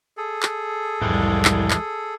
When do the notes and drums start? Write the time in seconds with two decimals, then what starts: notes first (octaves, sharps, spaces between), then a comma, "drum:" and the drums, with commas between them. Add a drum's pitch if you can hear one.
0.17 G#4 A4
0.43 drum: clap
1.02 C2 F2 A2 E3 G#3 G4
1.45 drum: clap
1.71 drum: clap